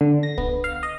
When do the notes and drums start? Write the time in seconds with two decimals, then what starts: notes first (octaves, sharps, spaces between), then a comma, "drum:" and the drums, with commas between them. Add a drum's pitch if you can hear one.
0.01 D3
0.23 A#6
0.38 B3, drum: kick C2
0.64 F5
0.83 D#5